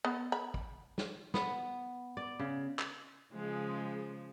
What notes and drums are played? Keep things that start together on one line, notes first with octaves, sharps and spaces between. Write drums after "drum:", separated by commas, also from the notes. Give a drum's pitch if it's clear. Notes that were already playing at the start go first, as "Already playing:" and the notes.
B3
B5
drum: kick
drum: snare
B3, drum: snare
D5
C#3
drum: clap
C#3 F3 G#3